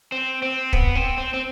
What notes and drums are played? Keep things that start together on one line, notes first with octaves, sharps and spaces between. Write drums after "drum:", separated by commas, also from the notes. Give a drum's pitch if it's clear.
C4
C4
B3, drum: kick
C4
C4
C4